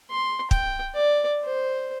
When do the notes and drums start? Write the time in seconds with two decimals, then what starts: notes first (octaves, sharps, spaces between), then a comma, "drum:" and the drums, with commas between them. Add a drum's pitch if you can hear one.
0.10 C6
0.51 G5, drum: kick
0.95 D5
1.44 C5